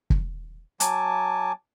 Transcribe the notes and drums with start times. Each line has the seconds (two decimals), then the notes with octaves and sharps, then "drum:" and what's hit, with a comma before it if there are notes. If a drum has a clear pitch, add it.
0.10 drum: kick
0.80 F#3 G#5 A5 D6, drum: hi-hat